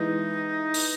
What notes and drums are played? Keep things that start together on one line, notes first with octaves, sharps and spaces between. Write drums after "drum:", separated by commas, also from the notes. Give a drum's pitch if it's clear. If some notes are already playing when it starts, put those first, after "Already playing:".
Already playing: E3 G#3 B3 D#4 E4
drum: open hi-hat